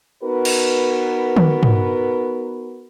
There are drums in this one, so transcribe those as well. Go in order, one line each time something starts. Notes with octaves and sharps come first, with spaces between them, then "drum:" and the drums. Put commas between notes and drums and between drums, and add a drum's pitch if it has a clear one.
B3 D#4 F#4 A#4 B4
drum: cymbal
drum: tom
drum: tom